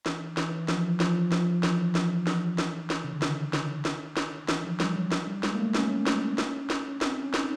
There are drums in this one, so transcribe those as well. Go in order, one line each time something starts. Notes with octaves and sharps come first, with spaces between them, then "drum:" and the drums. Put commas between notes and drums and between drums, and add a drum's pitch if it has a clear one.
E3, drum: snare
E3, drum: snare
F3, drum: snare
F3, drum: snare
F3, drum: snare
E3, drum: snare
drum: snare
drum: snare
drum: snare
drum: snare
C#3
D3
D#3, drum: snare
drum: snare
drum: snare
drum: snare
E3, drum: snare
F3
G3, drum: snare
F#3
drum: snare
G3
G#3, drum: snare
A#3
A3
C#4, drum: snare
drum: snare
drum: snare
drum: snare
C4, drum: snare
C#4
D#4, drum: snare